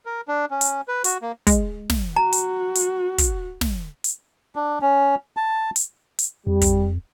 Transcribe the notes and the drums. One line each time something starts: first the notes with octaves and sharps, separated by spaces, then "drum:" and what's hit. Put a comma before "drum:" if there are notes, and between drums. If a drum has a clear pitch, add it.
A#4
D4
C#4
drum: hi-hat
B4
F#4, drum: hi-hat
A#3
G#3, drum: kick, hi-hat
drum: snare
F#4 A#5
drum: hi-hat
drum: hi-hat
drum: kick, hi-hat
drum: snare
drum: hi-hat
D4
C#4
A5
drum: hi-hat
drum: hi-hat
F2 G3
drum: kick, hi-hat